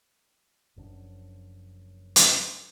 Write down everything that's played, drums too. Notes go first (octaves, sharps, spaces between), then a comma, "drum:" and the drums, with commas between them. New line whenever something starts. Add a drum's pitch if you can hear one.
F#1 F#2 F3 D4
drum: hi-hat